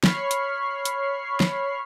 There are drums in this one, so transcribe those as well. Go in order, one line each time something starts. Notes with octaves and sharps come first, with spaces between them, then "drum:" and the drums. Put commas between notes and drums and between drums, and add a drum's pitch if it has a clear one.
C#5 B5 C#6 F6 C7, drum: snare
drum: hi-hat
drum: hi-hat
drum: snare